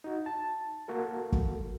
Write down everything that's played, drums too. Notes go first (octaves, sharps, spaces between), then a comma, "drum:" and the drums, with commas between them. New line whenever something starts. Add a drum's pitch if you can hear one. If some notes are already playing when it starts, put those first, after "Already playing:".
D#4 F#4
A5
A#3 F#4 A4 A#4
drum: kick